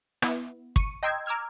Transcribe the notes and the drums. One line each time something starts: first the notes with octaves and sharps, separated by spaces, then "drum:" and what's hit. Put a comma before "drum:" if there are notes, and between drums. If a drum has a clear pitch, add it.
B3 E4, drum: rim click
C#6 C#7 D#7, drum: kick
D#5 G5 A#5 C6 E6 G#6
A#5 D6 E6 F6 G#6